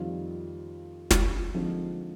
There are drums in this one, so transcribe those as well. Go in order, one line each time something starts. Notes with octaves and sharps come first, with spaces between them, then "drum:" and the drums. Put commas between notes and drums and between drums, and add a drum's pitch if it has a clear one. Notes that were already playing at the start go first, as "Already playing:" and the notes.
Already playing: F2 D#3 G3 C4 F4
drum: snare
D3 F3 G#3 C4 D#4